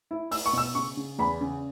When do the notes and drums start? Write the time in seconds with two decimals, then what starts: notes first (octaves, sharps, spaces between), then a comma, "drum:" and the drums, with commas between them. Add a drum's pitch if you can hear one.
0.11 E4
0.31 E4 E6, drum: open hi-hat
0.46 C#6
0.53 B2 E6
0.75 C#3 C#6
0.97 C#3
1.18 E2 B5
1.41 C#3